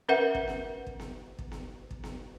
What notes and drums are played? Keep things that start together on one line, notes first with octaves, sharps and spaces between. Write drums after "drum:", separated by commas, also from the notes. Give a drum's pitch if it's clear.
C#4 A#4 B4 E5 F#5
drum: kick
drum: snare B3
drum: kick
drum: snare B3
drum: kick
drum: snare B3
drum: kick
drum: snare B3